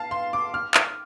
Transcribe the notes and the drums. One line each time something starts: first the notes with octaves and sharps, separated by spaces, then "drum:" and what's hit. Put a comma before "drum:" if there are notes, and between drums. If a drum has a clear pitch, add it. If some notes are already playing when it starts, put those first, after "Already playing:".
Already playing: F5 A5
C6
D6
F6
drum: clap